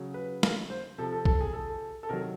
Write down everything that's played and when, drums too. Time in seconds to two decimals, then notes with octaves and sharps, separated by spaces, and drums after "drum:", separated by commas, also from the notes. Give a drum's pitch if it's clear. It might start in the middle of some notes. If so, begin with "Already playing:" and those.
Already playing: C#3 F#3
0.14 B4
0.43 A#4, drum: snare
0.70 C5
0.98 C3 F3 A4
1.13 A4
1.25 A4, drum: kick
1.41 G#4
1.53 A4
2.03 A4
2.09 C3 D#3 F#3 A#4